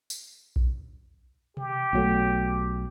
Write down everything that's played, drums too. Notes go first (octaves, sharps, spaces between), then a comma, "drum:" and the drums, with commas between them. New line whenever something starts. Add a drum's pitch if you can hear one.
drum: tambourine
drum: kick A#1
G4, drum: tom B2
B1 F#3 A3